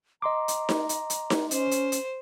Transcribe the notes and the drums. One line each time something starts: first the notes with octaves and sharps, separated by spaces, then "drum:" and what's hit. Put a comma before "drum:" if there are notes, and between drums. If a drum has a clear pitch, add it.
D#5 A#5 C6 D6
drum: hi-hat
drum: snare D#4
drum: hi-hat
drum: hi-hat
drum: snare D#4
C#4 C5, drum: hi-hat
drum: hi-hat
drum: hi-hat